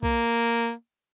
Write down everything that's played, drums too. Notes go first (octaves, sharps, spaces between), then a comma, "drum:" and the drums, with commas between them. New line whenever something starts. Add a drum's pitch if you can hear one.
A#3, drum: kick